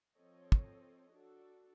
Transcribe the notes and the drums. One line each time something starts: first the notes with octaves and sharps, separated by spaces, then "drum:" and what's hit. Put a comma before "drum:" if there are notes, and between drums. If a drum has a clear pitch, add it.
F3 C4 A4 C#5 D#5
drum: kick
D4 F#4 A4